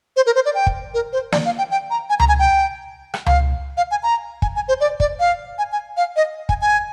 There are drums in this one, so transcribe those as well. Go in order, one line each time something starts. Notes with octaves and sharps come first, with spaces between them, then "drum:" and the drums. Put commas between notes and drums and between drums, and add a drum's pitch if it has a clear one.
C5
A#4
C5
D5
G5
drum: kick
A#4
C5
D5, drum: snare
F5
G5
G5
A#5
G#5
A#5, drum: tom C#2
G#5
G5
drum: rim click
F5, drum: tom C#2
F5
G#5
A#5
G#5, drum: kick
G#5
C5
D5
D5, drum: kick
F5
G#5
G#5
F5
D#5
G#5, drum: kick
G#5